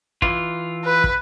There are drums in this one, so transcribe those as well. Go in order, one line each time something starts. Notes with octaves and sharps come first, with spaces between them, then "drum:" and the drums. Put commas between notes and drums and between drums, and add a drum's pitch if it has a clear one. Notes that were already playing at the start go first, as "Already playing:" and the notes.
E3 F4, drum: kick
B4
drum: kick